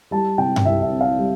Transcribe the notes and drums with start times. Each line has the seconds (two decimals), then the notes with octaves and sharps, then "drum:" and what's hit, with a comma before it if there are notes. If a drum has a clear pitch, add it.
0.11 G3 A5
0.38 C3 G5
0.56 drum: tom G2
0.65 C2 E5
0.82 E5
0.91 C4
1.01 F5
1.18 G3